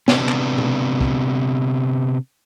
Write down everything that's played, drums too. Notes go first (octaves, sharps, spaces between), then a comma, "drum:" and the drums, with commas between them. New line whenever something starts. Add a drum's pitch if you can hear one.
C3 B3 D4, drum: snare
drum: clap
drum: tom B2
drum: kick